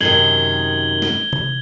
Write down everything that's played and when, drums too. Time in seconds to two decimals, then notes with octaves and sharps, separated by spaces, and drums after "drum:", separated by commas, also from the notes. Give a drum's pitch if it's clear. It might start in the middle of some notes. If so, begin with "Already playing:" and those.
0.01 F#2 C3 D#3 G#6 F#7 G7
1.02 drum: snare
1.33 drum: tom C3